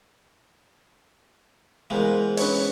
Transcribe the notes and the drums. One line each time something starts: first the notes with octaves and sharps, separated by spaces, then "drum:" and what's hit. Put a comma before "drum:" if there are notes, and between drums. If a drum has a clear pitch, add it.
E3 G#3 B3 A#4 C5 F5
C#4 B4 C#5, drum: open hi-hat